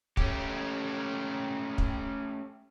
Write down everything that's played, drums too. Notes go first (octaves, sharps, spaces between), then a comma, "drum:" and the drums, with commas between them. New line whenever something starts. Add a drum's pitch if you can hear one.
A3 C#4 G4, drum: kick
drum: kick